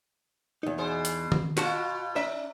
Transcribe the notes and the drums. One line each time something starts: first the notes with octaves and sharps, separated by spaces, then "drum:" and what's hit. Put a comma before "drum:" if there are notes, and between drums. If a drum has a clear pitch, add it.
E2 D#4
B2 G#4 C5
drum: hi-hat
drum: tom D#3
B2 F4 F#4 A5, drum: clap
C#4 E5